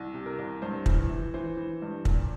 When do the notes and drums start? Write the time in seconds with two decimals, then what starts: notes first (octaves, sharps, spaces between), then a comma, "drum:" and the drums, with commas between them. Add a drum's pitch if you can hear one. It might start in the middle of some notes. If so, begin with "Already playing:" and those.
Already playing: C2
0.14 C3
0.26 A#4
0.39 C2
0.62 G2 C5
0.86 E3, drum: kick
1.10 E3
1.34 E3 C5
1.57 E3
1.82 G2
2.05 A#2, drum: kick